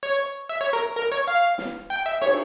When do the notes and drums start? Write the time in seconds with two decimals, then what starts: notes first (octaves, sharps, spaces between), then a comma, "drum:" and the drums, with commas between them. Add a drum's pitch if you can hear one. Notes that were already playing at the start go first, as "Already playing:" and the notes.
0.03 C#5
0.49 E5
0.61 C#5
0.73 A#4
0.96 A#4
1.12 C#5
1.28 F5
1.58 drum: snare
1.90 G5
2.06 E5
2.22 C#5, drum: cymbal